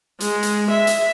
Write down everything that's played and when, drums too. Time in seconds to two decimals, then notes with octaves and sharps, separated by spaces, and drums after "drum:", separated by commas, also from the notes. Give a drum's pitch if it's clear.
0.20 G#3, drum: hi-hat
0.43 drum: hi-hat
0.70 E5
0.87 drum: hi-hat